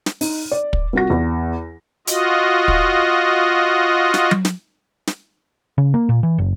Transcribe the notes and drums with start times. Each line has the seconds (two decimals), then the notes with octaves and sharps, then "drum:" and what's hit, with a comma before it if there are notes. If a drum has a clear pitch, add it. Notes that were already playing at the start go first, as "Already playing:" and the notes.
0.06 drum: snare
0.21 D#4, drum: open hi-hat
0.52 D5
0.73 drum: kick
0.93 C2 F4 F#4 A#6
1.10 E2
2.07 F4 F#4 D#5, drum: hi-hat
2.68 drum: kick
4.14 drum: snare
4.31 drum: tom F#3
4.45 drum: snare
5.07 drum: snare
5.78 C#3
5.94 A#3
6.09 A#2
6.23 E3
6.38 F#1